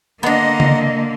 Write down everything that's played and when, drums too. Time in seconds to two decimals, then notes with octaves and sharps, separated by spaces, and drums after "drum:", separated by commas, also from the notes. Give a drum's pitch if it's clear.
0.23 D3 A#3 B3 D4 D#5 F#5 A#5 C6
0.60 drum: tom C#3